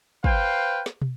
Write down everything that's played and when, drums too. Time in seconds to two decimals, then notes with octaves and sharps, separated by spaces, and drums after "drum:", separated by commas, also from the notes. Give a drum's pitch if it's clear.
0.24 B4 C5 F5 G5, drum: kick
0.86 drum: snare
1.02 drum: tom